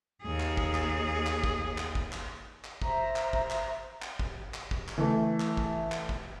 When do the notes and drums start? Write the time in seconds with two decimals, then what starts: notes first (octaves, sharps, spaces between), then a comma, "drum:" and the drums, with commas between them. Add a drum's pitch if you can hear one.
0.23 D#2 G#4
0.40 drum: clap
0.57 drum: kick
0.75 drum: clap
1.26 drum: clap
1.44 drum: kick
1.78 drum: clap
1.95 drum: kick
2.13 drum: clap
2.64 drum: clap
2.82 C5 E5 A#5, drum: kick
3.16 drum: clap
3.33 drum: kick
3.50 drum: clap
4.02 drum: clap
4.19 drum: kick
4.54 drum: clap
4.71 drum: kick
4.88 drum: clap
4.98 E3 A3
5.40 drum: clap
5.57 drum: kick
5.92 drum: clap
6.09 drum: kick